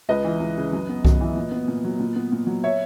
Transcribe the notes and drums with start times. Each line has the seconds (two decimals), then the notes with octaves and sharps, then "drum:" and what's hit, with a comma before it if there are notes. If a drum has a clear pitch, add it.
0.09 C#2 B4 D#5
0.24 E3
0.40 C#2
0.57 C#3
0.73 F#2
0.89 B3
1.05 F#2, drum: kick C2
1.21 E3
1.36 A#2
1.52 B3
1.68 A#2
1.84 F#3
2.00 A#2
2.16 B3
2.32 A#2
2.47 F#3
2.64 C#5 E5